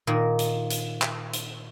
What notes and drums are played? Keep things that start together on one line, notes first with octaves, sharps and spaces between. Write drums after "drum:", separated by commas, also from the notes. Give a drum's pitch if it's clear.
A#2 D#3 A#3
drum: hi-hat
drum: hi-hat
drum: clap
drum: hi-hat